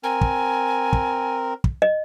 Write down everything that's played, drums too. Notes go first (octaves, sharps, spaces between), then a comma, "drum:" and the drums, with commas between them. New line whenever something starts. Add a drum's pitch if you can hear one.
C4 A#4 G#5
drum: kick
drum: kick
drum: kick
D#5